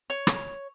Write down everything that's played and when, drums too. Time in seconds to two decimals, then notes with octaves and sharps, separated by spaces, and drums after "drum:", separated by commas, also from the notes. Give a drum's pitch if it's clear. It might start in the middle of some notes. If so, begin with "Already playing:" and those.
0.10 C#5
0.27 drum: rim click